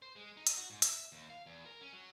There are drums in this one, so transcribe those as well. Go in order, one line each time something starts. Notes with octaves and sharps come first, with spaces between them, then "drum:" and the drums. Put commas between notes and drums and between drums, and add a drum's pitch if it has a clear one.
C5
G#3
D#4
drum: hi-hat
F#4
G#2
E5, drum: hi-hat
D#2
F5
E2
A#4
C#4
F#3